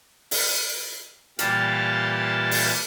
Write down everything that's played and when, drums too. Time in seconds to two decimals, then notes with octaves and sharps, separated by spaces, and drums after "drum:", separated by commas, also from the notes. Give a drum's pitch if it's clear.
0.31 drum: open hi-hat
1.39 A#2 E3 G3 G4 F5 A5, drum: hi-hat
2.51 drum: open hi-hat